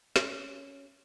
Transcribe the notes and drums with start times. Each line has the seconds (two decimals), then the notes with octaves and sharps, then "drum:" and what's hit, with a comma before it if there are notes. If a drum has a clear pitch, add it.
0.16 C#4, drum: snare